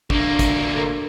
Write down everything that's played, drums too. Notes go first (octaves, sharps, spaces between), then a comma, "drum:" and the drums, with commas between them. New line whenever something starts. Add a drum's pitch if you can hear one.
D2 A#3 D4, drum: kick G#1
drum: kick G#1, hi-hat
A4 A#4